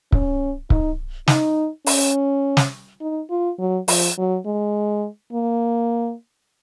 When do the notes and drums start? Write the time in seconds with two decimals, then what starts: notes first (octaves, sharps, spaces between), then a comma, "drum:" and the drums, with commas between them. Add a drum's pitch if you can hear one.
0.12 C#4, drum: kick C#1
0.70 D#4, drum: kick C#1
1.28 D#4, drum: snare
1.86 C#4, drum: open hi-hat
2.57 drum: snare
3.01 D#4
3.30 F4
3.59 F#3
3.88 F3, drum: open hi-hat
4.18 F#3
4.46 G#3
5.33 A#3